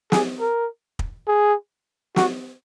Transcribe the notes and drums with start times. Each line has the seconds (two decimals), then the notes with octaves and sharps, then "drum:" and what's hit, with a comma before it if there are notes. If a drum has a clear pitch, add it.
0.12 G#4, drum: snare
0.40 A#4
0.99 drum: kick
1.28 G#4
2.16 F#4, drum: snare